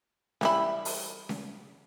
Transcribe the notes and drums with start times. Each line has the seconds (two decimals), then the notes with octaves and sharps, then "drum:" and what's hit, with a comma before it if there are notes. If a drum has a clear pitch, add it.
0.41 E3 G3 E4, drum: snare C#4
0.85 drum: open hi-hat
1.29 drum: snare C#4